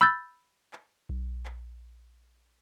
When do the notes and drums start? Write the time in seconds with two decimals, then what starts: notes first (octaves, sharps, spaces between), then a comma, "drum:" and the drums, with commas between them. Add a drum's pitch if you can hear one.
0.01 B5 E6 F#6 G6 A6
0.73 drum: clap
1.09 drum: kick B1
1.45 drum: clap